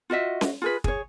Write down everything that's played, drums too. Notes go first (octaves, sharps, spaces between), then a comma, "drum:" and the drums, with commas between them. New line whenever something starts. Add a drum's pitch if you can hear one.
F4 F#4 D#5 E5
drum: snare C#4
F4 G#4 B4
G#4 C#5, drum: kick